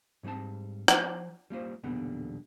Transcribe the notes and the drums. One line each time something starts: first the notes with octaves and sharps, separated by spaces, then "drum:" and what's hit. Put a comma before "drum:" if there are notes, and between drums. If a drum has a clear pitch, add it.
G#2 F#3 G3 C4 A5
F3 C5, drum: rim click
G3 A#3 F4 C5
B1 E2 A#2 D3 G3 B3